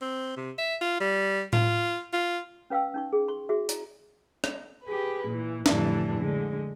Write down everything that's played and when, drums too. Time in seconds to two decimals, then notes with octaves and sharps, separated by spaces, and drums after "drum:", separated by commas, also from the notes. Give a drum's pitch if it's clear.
0.01 C4
0.37 C3
0.58 E5
0.81 F4
1.00 G3
1.53 F4, drum: tom A2
2.13 F4
2.70 C#4 B4 F5 G5 E6
2.94 C#4 D#4 C#6
3.13 G#4
3.28 C6 C#6
3.49 F#4 G#4 E5
3.69 E4, drum: hi-hat
4.44 drum: rim click
4.84 G4 G#4 B4
5.27 A#2 E3
5.66 F2 A2 D3 E3 G3 D4, drum: snare
6.17 D3 G#3